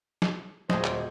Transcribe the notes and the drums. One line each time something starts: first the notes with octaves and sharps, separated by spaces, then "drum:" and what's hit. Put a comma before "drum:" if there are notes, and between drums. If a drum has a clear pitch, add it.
drum: snare
D#1 D2 G#3 G#4 C5 D#5 D#6, drum: snare
drum: clap